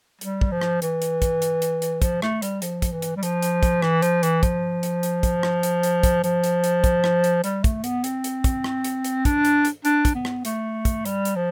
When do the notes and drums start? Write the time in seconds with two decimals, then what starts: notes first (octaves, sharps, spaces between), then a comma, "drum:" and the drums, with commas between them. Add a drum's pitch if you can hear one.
0.21 G3, drum: hi-hat
0.41 drum: kick
0.52 F3
0.61 drum: rim click
0.82 E3, drum: hi-hat
1.02 drum: hi-hat
1.22 drum: kick, hi-hat
1.42 drum: hi-hat
1.62 drum: hi-hat
1.82 drum: hi-hat
2.02 F3, drum: kick, hi-hat
2.22 A3, drum: rim click
2.42 G3, drum: hi-hat
2.62 F3, drum: hi-hat
2.82 drum: kick, hi-hat
2.93 E3
3.02 drum: hi-hat
3.16 G3
3.23 F3, drum: hi-hat
3.43 drum: hi-hat
3.63 drum: kick, hi-hat
3.82 E3, drum: rim click
4.02 F3, drum: hi-hat
4.23 E3, drum: hi-hat
4.43 F3, drum: kick, hi-hat
4.83 drum: hi-hat
5.03 drum: hi-hat
5.23 drum: kick, hi-hat
5.43 drum: rim click
5.63 drum: hi-hat
5.83 drum: hi-hat
6.03 drum: kick, hi-hat
6.24 F3, drum: hi-hat
6.44 drum: hi-hat
6.64 drum: hi-hat
6.84 drum: kick, hi-hat
7.04 drum: rim click
7.24 drum: hi-hat
7.44 G3, drum: hi-hat
7.64 A3, drum: kick, hi-hat
7.84 B3, drum: hi-hat
8.04 C4, drum: hi-hat
8.24 drum: hi-hat
8.44 drum: kick, hi-hat
8.64 drum: rim click
8.84 drum: hi-hat
9.05 drum: hi-hat
9.25 D4, drum: kick, hi-hat
9.45 drum: hi-hat
9.65 drum: hi-hat
9.85 D4, drum: hi-hat
10.05 drum: kick, hi-hat
10.15 B3
10.25 drum: rim click
10.45 A3, drum: hi-hat
10.85 drum: kick, hi-hat
11.05 G3, drum: hi-hat
11.25 drum: hi-hat
11.36 F3